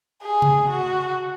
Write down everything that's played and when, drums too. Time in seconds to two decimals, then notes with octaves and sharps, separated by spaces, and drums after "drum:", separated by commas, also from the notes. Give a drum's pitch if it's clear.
0.22 G#4
0.42 drum: tom C#3
0.69 F#4